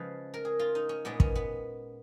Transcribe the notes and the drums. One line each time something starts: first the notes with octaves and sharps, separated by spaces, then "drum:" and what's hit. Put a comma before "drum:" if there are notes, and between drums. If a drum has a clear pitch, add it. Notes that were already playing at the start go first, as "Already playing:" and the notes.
Already playing: C#3 F3 G#3 B4
A#4
G#4
F4
D#4
C#4
A#2 G#3 B3
C#4, drum: kick
B3